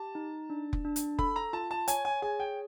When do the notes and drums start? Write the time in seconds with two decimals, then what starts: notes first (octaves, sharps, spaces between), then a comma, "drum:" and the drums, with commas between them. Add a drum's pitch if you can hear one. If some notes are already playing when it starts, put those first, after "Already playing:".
Already playing: G4 A5
0.15 D#4
0.50 D4
0.73 drum: kick F1
0.85 D4
0.96 drum: hi-hat
1.19 A4 B5, drum: kick F1
1.36 A#5
1.53 F4 A5
1.71 A5
1.88 C#5 G#5, drum: hi-hat
2.05 G#5
2.22 G#4 G#5
2.40 G5